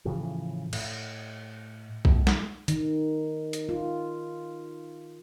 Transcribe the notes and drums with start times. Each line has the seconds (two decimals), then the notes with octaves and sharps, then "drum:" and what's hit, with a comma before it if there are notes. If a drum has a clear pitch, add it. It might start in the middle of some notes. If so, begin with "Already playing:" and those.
0.05 A2 C#3 E3 F3
0.73 A2, drum: cymbal
2.05 G2 B2 A3, drum: kick B1
2.27 drum: snare
2.68 D#3, drum: hi-hat
3.53 drum: hi-hat
3.69 F4